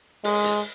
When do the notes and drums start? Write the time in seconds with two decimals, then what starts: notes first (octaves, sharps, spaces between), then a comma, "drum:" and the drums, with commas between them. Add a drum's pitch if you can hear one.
0.24 G#3, drum: open hi-hat
0.44 drum: hi-hat